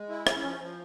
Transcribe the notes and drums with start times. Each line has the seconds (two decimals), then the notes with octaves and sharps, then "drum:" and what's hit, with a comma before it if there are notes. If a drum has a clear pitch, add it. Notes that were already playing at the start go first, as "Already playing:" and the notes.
Already playing: G#3
0.09 E4
0.27 C#4, drum: rim click
0.43 F3
0.59 F3